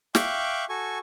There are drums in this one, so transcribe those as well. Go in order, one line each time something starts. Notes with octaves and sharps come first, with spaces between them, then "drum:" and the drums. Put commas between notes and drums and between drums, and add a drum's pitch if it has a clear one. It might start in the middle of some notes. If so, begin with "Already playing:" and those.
E5 F5 G5 C#6 D6 F#6, drum: snare
F#4 A4 G#5 C#6